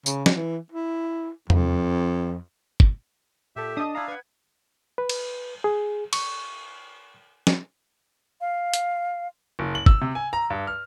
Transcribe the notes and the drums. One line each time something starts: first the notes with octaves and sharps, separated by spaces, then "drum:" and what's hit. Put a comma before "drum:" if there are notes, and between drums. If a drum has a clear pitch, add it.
C#3, drum: tambourine
drum: snare
E3
E4
F2, drum: tom E2
drum: kick
A#2 G4 A4 E5
D4 D#5 A5 D#6
D4 E4 F5 A#5
B4 F#5 G#6
B4
drum: cymbal
G#4
C#6, drum: cymbal
drum: snare
F5
drum: hi-hat
F#1
F#7
E6, drum: kick
C3
G#5
A#5
G2
F6